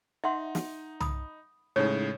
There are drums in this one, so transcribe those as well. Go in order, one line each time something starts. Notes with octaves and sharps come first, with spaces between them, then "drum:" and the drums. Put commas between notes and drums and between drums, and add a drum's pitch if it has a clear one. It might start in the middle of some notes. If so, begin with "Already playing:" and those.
D#4 E5 F#5 C6
drum: snare
B5 D#6, drum: tom
A2 C#3 G#3 D#4 C#5